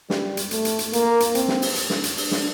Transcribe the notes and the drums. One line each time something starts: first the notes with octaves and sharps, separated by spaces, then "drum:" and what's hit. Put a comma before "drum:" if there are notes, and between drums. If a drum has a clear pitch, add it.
G3, drum: snare
drum: hi-hat
A3, drum: hi-hat
drum: hi-hat
drum: hi-hat
A#3, drum: hi-hat
drum: hi-hat
C4, drum: hi-hat
drum: snare
drum: open hi-hat
drum: hi-hat
drum: snare
drum: hi-hat
D4, drum: open hi-hat
drum: snare